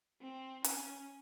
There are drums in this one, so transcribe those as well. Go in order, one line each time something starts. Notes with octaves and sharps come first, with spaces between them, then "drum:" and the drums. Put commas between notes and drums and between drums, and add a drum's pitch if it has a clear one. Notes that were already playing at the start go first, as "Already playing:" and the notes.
C4
C#4, drum: hi-hat